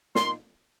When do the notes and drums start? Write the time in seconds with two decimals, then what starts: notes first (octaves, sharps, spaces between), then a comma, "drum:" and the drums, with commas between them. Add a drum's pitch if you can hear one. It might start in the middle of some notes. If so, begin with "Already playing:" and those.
0.15 A#2 A#3 D#4 C6, drum: snare